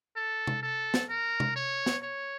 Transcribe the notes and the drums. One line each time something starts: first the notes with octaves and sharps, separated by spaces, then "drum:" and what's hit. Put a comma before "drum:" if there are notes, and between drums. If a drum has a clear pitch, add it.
A4
drum: tom
A4
drum: snare
A#4
drum: tom
C#5
drum: snare
C#5